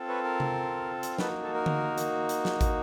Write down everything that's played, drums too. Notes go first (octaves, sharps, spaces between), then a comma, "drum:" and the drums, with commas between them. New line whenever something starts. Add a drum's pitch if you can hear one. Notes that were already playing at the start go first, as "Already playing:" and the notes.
Already playing: C4 F4 A4
B4 C#5
A#4
drum: tom C3
drum: hi-hat
A#3 D#4 F#4 A4 B4, drum: snare
A4
A#4
drum: tom D3
drum: hi-hat
drum: hi-hat
drum: snare
drum: kick, hi-hat